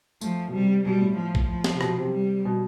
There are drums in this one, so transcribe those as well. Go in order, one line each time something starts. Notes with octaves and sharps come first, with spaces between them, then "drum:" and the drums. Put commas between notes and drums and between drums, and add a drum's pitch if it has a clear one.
F3 A3, drum: tambourine
B2
C3 G3
B2 G3
A2
F3
drum: kick A#1
F3
drum: snare
C3
B2, drum: rim click
C3
G3
B2